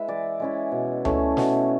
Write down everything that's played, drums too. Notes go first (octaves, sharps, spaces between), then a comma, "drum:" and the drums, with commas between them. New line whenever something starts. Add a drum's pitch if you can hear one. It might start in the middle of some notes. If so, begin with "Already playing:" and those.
Already playing: G#3 E4 B4 E5
E3 D5
G#3 C#4 E4
B2
A3 C#4 E4, drum: tom C#2
B2, drum: snare